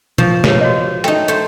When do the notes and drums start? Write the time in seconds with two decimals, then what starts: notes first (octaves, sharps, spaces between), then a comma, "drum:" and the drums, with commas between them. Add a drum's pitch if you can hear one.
0.18 F3 C#6, drum: tom A#2
0.44 G4 B4 C#5, drum: snare
0.61 F#4 C#5 D#5
1.04 A3 D#4 G5, drum: hi-hat
1.28 A3 C5